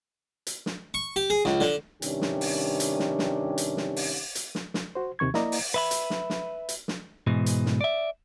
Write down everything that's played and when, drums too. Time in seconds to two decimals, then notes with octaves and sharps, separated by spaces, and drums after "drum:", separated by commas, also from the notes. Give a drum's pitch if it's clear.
0.47 drum: hi-hat
0.66 drum: snare
0.94 C#6
1.16 G4
1.30 G#4
1.45 C#2, drum: snare
1.60 D3, drum: snare
2.02 G2 C3 D#3 C#4 D4 G4, drum: hi-hat
2.22 drum: snare
2.41 drum: open hi-hat
2.80 drum: hi-hat
2.99 drum: snare
3.19 drum: snare
3.58 drum: hi-hat
3.77 drum: snare
3.96 drum: open hi-hat
4.35 drum: hi-hat
4.55 drum: snare
4.74 drum: snare
4.95 F#4 C5
5.19 D#2 C3 D#3 C#6 G#6
5.34 A#3 E4 D5 D#5 A#5, drum: snare
5.52 drum: open hi-hat
5.74 B4 E5 B5
5.91 drum: hi-hat
6.10 drum: snare
6.30 drum: snare
6.69 drum: hi-hat
6.88 drum: snare
7.27 G#2 B2 E3
7.46 drum: hi-hat
7.66 drum: snare
7.81 D5 E5